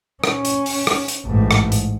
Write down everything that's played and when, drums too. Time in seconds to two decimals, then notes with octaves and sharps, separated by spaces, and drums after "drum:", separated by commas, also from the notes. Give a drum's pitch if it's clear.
0.24 C#4, drum: rim click
0.45 drum: hi-hat
0.66 drum: open hi-hat
0.87 drum: rim click
1.08 drum: hi-hat
1.26 A1 G#2
1.51 drum: rim click
1.72 drum: hi-hat